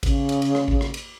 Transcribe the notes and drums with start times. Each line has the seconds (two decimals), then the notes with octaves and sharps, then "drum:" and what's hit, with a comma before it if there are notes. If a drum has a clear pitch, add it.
0.03 C#3, drum: kick A1, cymbal
0.29 drum: cymbal
0.42 drum: cymbal
0.55 drum: rim click
0.68 drum: kick A1
0.81 drum: rim click
0.94 drum: cymbal